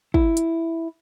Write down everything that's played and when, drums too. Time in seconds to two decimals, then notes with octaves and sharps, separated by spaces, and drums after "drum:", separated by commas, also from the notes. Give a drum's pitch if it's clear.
0.14 E4, drum: kick
0.37 drum: hi-hat